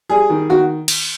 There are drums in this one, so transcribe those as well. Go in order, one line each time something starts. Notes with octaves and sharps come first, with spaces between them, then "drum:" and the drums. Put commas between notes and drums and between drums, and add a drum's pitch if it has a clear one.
G3 G#4
D#3
D#3 F#4
drum: cymbal